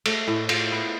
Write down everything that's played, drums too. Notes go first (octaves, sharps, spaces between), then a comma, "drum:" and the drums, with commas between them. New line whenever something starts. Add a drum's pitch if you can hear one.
A3, drum: cymbal
A2
F4, drum: cymbal
B3